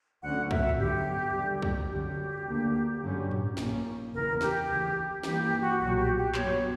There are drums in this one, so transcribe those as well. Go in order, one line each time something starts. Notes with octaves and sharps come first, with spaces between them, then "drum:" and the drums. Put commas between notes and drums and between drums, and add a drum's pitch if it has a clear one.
D2 D3 F#3 C#4 F#5
E5, drum: kick
drum: tom G#2
G2 D3 F#3 B3 G4
E2 D3 G3
drum: kick
F#2 D3 G3 C#4 G4
D2 D3 A#3
G2 D3 F#3 C#4
drum: tom G#2
A#1 A#2 A#3 C#4, drum: snare
F#1 E2 C#3 E3 B3 A#4
G4, drum: snare
D2 C#3 E3
G2 E3 A#3 G4, drum: snare
G4
F#4
B1 A#2 F#3 F#4
G4
G4
G2 F#3 B3 C#5, drum: clap